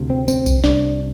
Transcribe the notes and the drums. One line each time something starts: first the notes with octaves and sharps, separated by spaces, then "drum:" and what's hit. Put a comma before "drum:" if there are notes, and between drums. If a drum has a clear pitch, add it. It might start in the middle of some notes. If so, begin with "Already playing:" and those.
Already playing: D2 C3
C4
C4, drum: tambourine
drum: kick B1, tambourine
C2 C3 D4, drum: snare